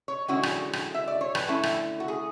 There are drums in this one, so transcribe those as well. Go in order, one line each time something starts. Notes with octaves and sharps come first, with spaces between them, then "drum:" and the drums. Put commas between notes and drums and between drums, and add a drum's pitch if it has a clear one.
C#5
D3 G#3 C#4 E4 F#4
drum: rim click
drum: rim click
E5
D5
C#5
B4, drum: rim click
D3 A3 C#4 E4 A4
drum: rim click
F#4
G#4